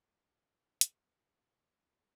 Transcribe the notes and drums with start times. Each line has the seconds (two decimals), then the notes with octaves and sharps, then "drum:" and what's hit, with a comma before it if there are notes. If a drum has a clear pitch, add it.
0.10 D3 D#3 A3 G4 A#4
0.44 G#4
0.81 D#2 D4 G4 B4, drum: hi-hat
1.20 B2 E3 F#3 C5